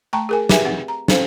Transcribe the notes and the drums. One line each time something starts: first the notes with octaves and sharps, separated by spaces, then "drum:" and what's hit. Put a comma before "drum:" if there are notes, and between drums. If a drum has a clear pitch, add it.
A3 G5 A5 A#5 C#6
G#4 A#4 G#5
G4 G#4 B4 E5 G#5, drum: snare
C4 F#5
A#5
C4 C#4 A4 C5 F5, drum: snare